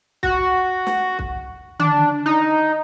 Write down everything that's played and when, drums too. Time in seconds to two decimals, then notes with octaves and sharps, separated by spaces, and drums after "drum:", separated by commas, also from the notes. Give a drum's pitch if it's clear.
0.23 F#4, drum: kick
0.87 drum: snare
1.19 drum: kick
1.79 D4, drum: tom D3
2.26 D#4